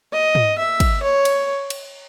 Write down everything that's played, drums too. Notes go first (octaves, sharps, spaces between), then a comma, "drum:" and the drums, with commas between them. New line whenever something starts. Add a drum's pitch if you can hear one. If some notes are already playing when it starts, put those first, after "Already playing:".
D#5
drum: tom
E5
drum: kick, cymbal
C#5
drum: cymbal
drum: cymbal